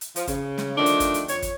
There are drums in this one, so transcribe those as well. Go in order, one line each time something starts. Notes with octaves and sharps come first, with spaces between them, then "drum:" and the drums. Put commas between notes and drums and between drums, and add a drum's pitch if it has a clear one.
drum: hi-hat
F3, drum: hi-hat
C#3, drum: kick, hi-hat
drum: snare
D3 D#3 F3 A3 D4
drum: hi-hat
drum: kick, hi-hat
drum: hi-hat
F2 C#5, drum: hi-hat
drum: kick, hi-hat